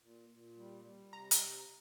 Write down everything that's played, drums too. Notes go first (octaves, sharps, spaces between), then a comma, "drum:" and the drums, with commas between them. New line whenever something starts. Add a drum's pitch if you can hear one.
A#2
A#2
G3
G3
C3 A#5
A#5, drum: hi-hat
C3